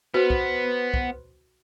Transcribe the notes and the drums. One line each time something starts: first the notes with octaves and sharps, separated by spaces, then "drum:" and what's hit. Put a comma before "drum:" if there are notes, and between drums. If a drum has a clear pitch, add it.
B3 F#4 B4 C5
drum: kick B1
drum: kick B1